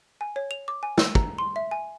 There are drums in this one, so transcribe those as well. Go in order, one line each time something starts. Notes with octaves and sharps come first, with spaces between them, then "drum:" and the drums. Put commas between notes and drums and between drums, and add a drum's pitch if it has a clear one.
G#5
C#5
F7
D6
G#5
E6, drum: snare
A#5, drum: kick
C6
E5
G#5